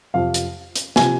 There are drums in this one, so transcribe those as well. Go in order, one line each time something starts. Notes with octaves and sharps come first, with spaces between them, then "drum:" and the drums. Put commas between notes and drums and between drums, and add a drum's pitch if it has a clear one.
F2 C3 F3 F5
drum: hi-hat
drum: hi-hat
C3 F3 G#5, drum: snare